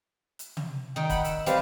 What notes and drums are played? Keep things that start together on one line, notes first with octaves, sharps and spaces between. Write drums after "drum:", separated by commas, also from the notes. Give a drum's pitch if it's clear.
drum: hi-hat
drum: tom
D#3 D#4 G5
F#5 B5, drum: kick, hi-hat
E6, drum: hi-hat
G3 C4 G4 B4 C5 F5, drum: hi-hat